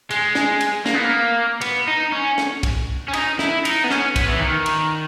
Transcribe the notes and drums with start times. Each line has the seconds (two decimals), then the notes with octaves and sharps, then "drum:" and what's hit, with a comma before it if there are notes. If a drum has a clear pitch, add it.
0.11 G#3, drum: cymbal
0.35 drum: snare
0.61 drum: cymbal
0.86 A#3, drum: snare
0.94 B3
1.04 A#3
1.61 B3, drum: cymbal
1.87 D#4
2.12 C#4
2.38 drum: snare
2.63 drum: kick, cymbal
3.08 C#4
3.13 D#4, drum: cymbal
3.39 E4, drum: snare
3.65 D#4, drum: cymbal
3.84 B3
3.90 C#4, drum: snare
4.16 B3, drum: kick, cymbal
4.29 E3
4.40 D#3
4.66 drum: cymbal